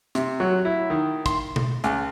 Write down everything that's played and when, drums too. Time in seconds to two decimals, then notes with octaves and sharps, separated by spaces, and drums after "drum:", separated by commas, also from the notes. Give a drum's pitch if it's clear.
0.15 C3, drum: hi-hat
0.40 F#3
0.65 E4
0.90 D#3
1.26 C6, drum: kick, hi-hat
1.56 drum: tom B2
1.84 C#2, drum: hi-hat